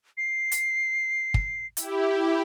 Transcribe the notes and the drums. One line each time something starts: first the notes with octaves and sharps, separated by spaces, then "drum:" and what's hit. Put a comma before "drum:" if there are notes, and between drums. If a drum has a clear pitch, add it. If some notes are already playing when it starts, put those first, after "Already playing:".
C7
drum: hi-hat
drum: kick
E4 G4, drum: hi-hat